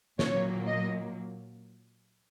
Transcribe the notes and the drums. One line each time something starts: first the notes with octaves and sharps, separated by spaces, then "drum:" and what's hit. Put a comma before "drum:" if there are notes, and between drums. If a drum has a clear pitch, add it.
A#2 F#3 A#3 C#5, drum: snare
D#5